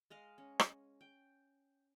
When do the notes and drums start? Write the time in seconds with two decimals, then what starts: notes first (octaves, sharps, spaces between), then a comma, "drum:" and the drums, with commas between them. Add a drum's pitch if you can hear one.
0.10 G#3 D#5 F5
0.38 C#4
0.59 drum: rim click
1.01 G5